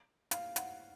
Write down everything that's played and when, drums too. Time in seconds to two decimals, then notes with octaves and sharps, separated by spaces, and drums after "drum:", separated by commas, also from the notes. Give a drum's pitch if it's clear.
0.31 F5, drum: hi-hat
0.56 F#5, drum: hi-hat